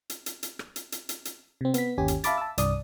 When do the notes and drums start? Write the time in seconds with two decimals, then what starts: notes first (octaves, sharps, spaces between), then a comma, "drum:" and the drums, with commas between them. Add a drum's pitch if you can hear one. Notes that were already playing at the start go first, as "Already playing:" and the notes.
0.10 drum: hi-hat
0.26 drum: hi-hat
0.43 drum: hi-hat
0.59 drum: rim click
0.76 drum: hi-hat
0.92 drum: hi-hat
1.09 drum: hi-hat
1.25 drum: hi-hat
1.61 C3 C4
1.74 B3 B6, drum: hi-hat
1.98 G1 D#2 C#4 G4 G#5
2.08 drum: hi-hat
2.24 E5 F5 A5 B5 D6 A6, drum: hi-hat
2.38 A5 E6
2.58 C2 G2 D5 D#6, drum: hi-hat